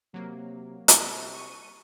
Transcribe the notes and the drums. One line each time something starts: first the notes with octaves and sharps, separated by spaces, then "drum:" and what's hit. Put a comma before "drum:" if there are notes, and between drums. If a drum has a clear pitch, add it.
C3 F#3 A#3
C2, drum: hi-hat
C#6 D#7